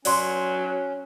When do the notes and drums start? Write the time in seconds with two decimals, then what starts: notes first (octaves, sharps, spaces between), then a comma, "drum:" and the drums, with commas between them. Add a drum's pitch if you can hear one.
0.05 F#3 C#4 D5 C6, drum: open hi-hat